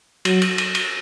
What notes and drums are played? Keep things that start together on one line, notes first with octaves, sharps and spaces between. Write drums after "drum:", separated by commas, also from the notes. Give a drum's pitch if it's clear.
F#3, drum: cymbal
drum: cymbal
drum: cymbal
drum: cymbal